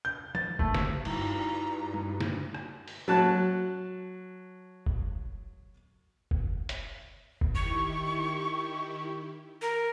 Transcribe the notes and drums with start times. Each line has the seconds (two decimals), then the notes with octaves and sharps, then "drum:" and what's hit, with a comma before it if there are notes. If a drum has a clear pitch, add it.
0.05 G6
0.35 A6, drum: tom
0.59 A3, drum: kick
0.75 drum: snare
1.05 G2 D#4 E4 F#4 A#5, drum: cymbal
1.94 drum: tom
2.21 drum: snare
2.54 drum: rim click
2.88 drum: open hi-hat
3.08 F#3 A5 F#6
4.86 drum: kick
6.31 drum: kick
6.69 drum: hi-hat
7.41 drum: kick
7.55 D#3 E4 G4 C#6
9.62 A#4